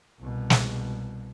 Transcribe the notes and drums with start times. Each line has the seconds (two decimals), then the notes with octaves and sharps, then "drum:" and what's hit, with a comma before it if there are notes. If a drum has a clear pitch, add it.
0.20 C2 B2
0.50 drum: snare